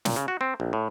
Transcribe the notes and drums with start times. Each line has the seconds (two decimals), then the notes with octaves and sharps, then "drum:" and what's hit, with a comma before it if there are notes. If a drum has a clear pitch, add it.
0.05 A#2, drum: snare
0.16 C#3
0.28 F#4
0.41 C4
0.60 A#1
0.73 A2